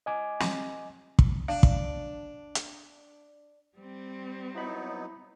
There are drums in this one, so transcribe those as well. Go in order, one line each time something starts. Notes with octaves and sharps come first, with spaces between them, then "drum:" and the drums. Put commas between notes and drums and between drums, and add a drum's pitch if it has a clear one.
D#5 G#5 D6
drum: snare
drum: kick
D4 F5
drum: kick
drum: hi-hat
G3 C4
F#3 B3 D#4 E4 B5